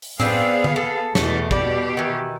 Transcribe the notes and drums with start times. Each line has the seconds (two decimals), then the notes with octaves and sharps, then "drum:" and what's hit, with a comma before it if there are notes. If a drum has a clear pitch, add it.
0.02 drum: open hi-hat
0.20 B3 C4 D4 G#4 B4 F5, drum: tom A2
0.64 drum: tom D3
0.76 A4
1.15 E2 B2 E3 A3, drum: snare
1.51 B2 G3 G4 D5, drum: kick
1.97 D#3 E3